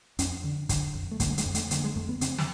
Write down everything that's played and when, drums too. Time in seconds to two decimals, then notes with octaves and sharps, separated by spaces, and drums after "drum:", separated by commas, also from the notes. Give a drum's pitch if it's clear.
0.19 F2 C#4, drum: hi-hat
0.44 D3
0.69 D3, drum: kick, hi-hat
0.95 F2
1.11 A3
1.20 D3 A#3, drum: kick, hi-hat
1.30 A3
1.38 G#3, drum: hi-hat
1.46 F2
1.55 A3, drum: hi-hat
1.71 D3 A#3, drum: hi-hat
1.84 G#3
1.96 F2 A3
2.09 B3
2.21 C#3 C4, drum: hi-hat
2.38 drum: snare